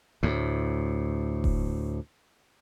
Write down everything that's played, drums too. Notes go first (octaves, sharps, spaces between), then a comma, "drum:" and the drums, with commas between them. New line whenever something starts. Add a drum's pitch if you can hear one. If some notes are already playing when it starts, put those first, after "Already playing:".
D2 A2
drum: kick E1